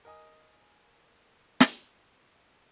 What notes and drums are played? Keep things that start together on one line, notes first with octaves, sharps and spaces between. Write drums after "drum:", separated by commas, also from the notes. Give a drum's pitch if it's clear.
A#4 D#5 G#5 D#6
drum: snare